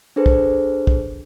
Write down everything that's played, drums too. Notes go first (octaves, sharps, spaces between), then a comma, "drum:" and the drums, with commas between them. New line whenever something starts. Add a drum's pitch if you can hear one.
D4 G#4 A4 B4 C5
drum: kick
drum: kick